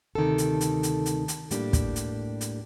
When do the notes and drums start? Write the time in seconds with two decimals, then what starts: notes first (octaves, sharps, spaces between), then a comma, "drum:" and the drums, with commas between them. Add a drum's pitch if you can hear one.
0.15 D2 C3 D#3 A4
0.38 drum: hi-hat
0.61 drum: hi-hat
0.83 drum: hi-hat
1.06 drum: hi-hat
1.28 drum: hi-hat
1.51 A2 G3 A#3 D4 G4, drum: hi-hat
1.73 drum: kick, hi-hat
1.96 drum: hi-hat
2.41 drum: hi-hat